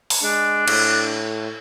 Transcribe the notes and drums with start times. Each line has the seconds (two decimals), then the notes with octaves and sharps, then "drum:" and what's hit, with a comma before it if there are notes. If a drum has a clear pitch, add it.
0.10 drum: open hi-hat
0.23 G#3 D4
0.68 A2, drum: cymbal